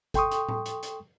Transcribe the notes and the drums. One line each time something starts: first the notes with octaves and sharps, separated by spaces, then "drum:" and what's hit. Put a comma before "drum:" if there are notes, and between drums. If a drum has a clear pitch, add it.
A4 G5 C6 C#6 D#6, drum: kick, hi-hat
drum: hi-hat
drum: tom A2
drum: hi-hat
drum: hi-hat